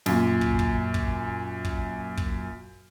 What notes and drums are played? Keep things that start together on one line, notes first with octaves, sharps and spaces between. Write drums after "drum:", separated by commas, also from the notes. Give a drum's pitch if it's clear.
F#2 A#2, drum: snare
drum: kick
drum: kick
drum: kick
drum: kick
drum: kick